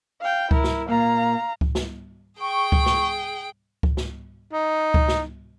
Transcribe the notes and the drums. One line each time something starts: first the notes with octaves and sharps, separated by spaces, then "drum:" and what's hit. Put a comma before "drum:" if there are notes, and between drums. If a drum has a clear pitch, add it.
F5 G5
E4 A#4, drum: kick C#2
drum: snare
A#2 A#3 F5 A#5
drum: kick C#2
drum: snare
G#4 G5 C#6
drum: kick C#2
drum: snare
drum: kick C#2
drum: snare
D#4
drum: kick C#2
drum: snare